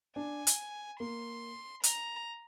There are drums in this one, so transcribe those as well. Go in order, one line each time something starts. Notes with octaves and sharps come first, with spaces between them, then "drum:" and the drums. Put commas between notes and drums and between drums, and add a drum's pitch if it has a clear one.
D4 G#5
drum: hi-hat
A#3 C6
A#5, drum: hi-hat